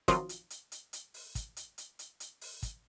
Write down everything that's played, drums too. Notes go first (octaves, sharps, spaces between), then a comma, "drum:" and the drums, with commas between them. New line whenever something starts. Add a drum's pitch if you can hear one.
D#3 F3 F#3 C4 F4 D#5, drum: kick, hi-hat
drum: hi-hat
drum: hi-hat
drum: hi-hat
drum: hi-hat
drum: open hi-hat
drum: kick, hi-hat
drum: hi-hat
drum: hi-hat
drum: hi-hat
drum: hi-hat
drum: open hi-hat
drum: kick, hi-hat